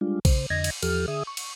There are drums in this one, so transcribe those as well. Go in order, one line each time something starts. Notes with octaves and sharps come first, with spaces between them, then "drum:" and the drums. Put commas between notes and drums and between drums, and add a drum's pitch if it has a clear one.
G3 G#3 D4 F4
C#3 C5, drum: kick A#1, cymbal
F2 D3 D#5 G#6 A#6
drum: cymbal
E2 F3 G4 A4 F6, drum: cymbal
D3 G#4 E5 D#6
C#6
drum: cymbal